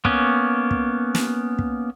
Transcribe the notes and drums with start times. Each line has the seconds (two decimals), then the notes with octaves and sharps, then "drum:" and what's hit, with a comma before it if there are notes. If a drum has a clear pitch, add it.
0.05 A#3 B3 C#4, drum: kick
0.71 drum: kick
1.15 drum: snare
1.59 drum: kick